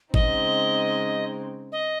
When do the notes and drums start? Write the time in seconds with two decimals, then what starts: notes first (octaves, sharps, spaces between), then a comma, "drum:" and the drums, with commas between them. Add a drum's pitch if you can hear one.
0.14 C#3 G#3 C4 D#4 D#5, drum: kick G#1
1.72 D#5